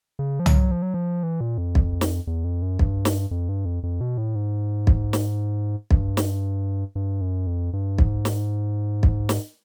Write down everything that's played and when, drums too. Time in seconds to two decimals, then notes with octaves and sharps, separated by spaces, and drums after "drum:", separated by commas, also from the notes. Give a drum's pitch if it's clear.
0.19 C#3
0.40 F3
0.46 F#3, drum: tom
0.71 F3
0.82 F#3
0.94 F3
1.23 E3
1.41 A#2
1.58 F2
1.75 drum: kick
2.01 drum: snare
2.27 E2
2.44 F2
2.62 F#2
2.79 G2, drum: kick
3.05 drum: snare
3.31 F2
3.49 G2
3.65 F2
3.83 F2
4.01 B2
4.18 A2
4.35 G#2
4.87 drum: kick
5.13 drum: snare
5.91 G2, drum: kick
6.17 drum: snare
6.95 G2
7.21 F#2
7.47 F2
7.73 G2
7.98 G#2, drum: kick
8.25 drum: snare
9.03 drum: kick
9.29 drum: snare